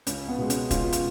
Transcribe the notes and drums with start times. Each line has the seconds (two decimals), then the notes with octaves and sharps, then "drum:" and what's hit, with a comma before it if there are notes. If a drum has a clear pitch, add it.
0.07 C#2 C#4, drum: hi-hat
0.29 B3
0.38 B2 G#3
0.50 C#4, drum: hi-hat
0.71 C#2 C#4 F4, drum: kick, hi-hat
0.92 drum: hi-hat